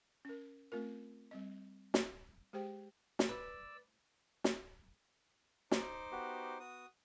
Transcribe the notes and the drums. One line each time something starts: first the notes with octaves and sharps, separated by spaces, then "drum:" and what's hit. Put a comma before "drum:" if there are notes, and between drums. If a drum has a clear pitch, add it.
C#4 A#4
A3 C4 F4 A#4
G3 C4 D#5
drum: snare
G#3 G4 G#4 C5 G5
drum: snare
B4 D5 E6
drum: snare
D#4 C5 D6, drum: snare
B3 F#4 G4
B3 F#4 D#6